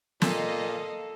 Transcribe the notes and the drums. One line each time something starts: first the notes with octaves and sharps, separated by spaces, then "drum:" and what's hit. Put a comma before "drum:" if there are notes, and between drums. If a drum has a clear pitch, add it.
A#2 A4 D#5 F5, drum: snare